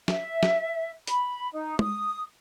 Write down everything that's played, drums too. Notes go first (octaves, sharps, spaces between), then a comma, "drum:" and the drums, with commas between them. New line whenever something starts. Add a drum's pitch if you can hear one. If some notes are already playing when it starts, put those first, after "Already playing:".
E5, drum: snare
drum: snare
B5, drum: hi-hat
D#4
D#6, drum: tom G#3